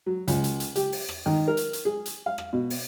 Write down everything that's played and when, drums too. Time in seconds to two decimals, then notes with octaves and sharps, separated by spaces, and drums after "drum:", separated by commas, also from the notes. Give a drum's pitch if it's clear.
0.06 F#3
0.28 C#2, drum: hi-hat
0.44 drum: hi-hat
0.60 drum: hi-hat
0.76 G4, drum: hi-hat
0.92 drum: open hi-hat
1.08 drum: rim click
1.26 D#3
1.48 A#4
1.57 drum: hi-hat
1.73 drum: hi-hat
1.85 G#4
2.06 drum: hi-hat
2.26 F5
2.38 drum: rim click
2.53 B2
2.70 drum: open hi-hat